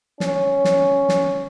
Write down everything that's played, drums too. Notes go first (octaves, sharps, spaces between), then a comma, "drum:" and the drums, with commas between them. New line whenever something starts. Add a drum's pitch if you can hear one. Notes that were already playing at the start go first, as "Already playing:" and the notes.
C#4, drum: snare
drum: snare
drum: snare